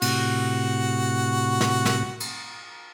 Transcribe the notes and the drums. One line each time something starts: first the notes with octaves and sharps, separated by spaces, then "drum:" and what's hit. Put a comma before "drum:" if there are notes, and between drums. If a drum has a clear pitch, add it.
A2 C3 F#4, drum: cymbal
drum: snare
drum: snare
drum: cymbal